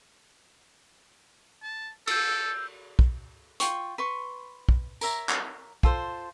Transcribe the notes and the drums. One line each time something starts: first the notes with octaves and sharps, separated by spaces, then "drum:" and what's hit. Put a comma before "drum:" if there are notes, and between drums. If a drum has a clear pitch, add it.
A5
A4 E6 G6, drum: cymbal
drum: kick
F4 G5 C#6, drum: hi-hat
B4 C6 C#6
drum: kick
A#4 C#5 E5 A#5, drum: tambourine
drum: clap
F4 A4 C5, drum: kick